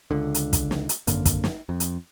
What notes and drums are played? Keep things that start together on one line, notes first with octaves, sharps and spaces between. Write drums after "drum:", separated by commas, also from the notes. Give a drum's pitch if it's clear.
C#2 D3
drum: hi-hat
drum: kick, hi-hat
drum: snare
drum: hi-hat
G#1 F#2 D3 A#3, drum: hi-hat
drum: kick, hi-hat
drum: snare
F2
drum: hi-hat